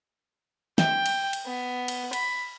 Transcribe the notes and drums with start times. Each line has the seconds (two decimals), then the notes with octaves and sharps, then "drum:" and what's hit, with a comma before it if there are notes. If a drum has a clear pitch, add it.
0.78 G5, drum: snare
1.06 drum: cymbal
1.33 drum: cymbal
1.46 B3
1.88 drum: cymbal
2.13 B5, drum: cymbal